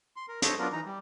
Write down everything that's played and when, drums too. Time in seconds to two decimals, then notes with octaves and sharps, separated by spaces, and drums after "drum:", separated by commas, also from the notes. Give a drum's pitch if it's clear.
0.16 C6
0.28 A#4
0.42 A4 C5 C#5 D#5, drum: hi-hat
0.59 F#3 B3 D4 F4 A#4
0.72 E3 D#4 A#5
0.86 G3